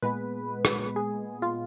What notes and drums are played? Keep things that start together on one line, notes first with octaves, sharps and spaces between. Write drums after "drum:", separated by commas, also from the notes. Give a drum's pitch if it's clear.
A#2 G#3 B3 B4
drum: rim click
G#4
F4